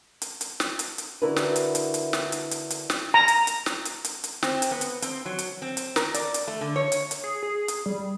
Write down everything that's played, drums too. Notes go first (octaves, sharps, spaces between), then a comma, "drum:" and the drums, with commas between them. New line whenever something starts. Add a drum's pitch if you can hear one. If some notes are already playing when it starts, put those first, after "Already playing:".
drum: hi-hat
drum: hi-hat
drum: snare
drum: hi-hat
drum: hi-hat
D3 E4 F#4 A#4 B4
drum: snare
drum: hi-hat
drum: hi-hat
drum: hi-hat
drum: snare
drum: hi-hat
drum: hi-hat
drum: hi-hat
drum: snare
A#5
drum: hi-hat
drum: hi-hat
drum: snare
drum: hi-hat
drum: hi-hat
drum: hi-hat
C4, drum: snare
drum: hi-hat
B3
drum: hi-hat
C4, drum: hi-hat
F#3
drum: hi-hat
C4
drum: hi-hat
A#4, drum: snare
D5, drum: hi-hat
drum: hi-hat
A3
D3
C#5
drum: hi-hat
drum: hi-hat
G#4
G#4
drum: hi-hat
G3